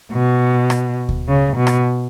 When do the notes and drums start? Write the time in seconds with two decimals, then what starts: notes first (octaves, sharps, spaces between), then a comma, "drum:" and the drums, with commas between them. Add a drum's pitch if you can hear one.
0.12 B2
0.70 drum: rim click
1.09 drum: kick D2
1.28 C#3
1.57 B2
1.67 drum: rim click